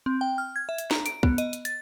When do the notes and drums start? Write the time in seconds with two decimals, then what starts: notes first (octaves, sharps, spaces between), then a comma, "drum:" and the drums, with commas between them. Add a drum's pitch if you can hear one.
0.06 C4
0.21 G5
0.38 F6
0.56 G#6
0.69 E5
0.78 drum: hi-hat
0.91 A#5, drum: snare
1.06 D7, drum: hi-hat
1.23 B3, drum: kick
1.38 D#5, drum: hi-hat
1.53 drum: hi-hat
1.65 A6, drum: hi-hat